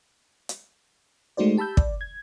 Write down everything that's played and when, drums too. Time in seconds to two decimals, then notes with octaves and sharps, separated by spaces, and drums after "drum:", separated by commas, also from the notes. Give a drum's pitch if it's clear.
0.49 drum: hi-hat
1.37 G#3 A3 D#4 F#4 C5 D5
1.57 G4 A5 B5 E6 G6
1.77 D5, drum: kick
2.01 G#6